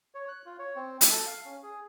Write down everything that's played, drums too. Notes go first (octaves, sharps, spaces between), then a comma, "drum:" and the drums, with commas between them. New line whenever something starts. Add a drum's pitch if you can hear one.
C#5
F#6
F4
C#5
C4
drum: hi-hat
A4
F5
C#4
G#4